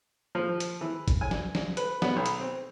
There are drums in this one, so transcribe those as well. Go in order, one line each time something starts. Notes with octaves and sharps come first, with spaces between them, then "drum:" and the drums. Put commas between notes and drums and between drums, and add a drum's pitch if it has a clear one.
F3
drum: hi-hat
E3
drum: kick, hi-hat
G#5
drum: snare
drum: snare
B4, drum: hi-hat
B3, drum: snare
B1
drum: hi-hat
C4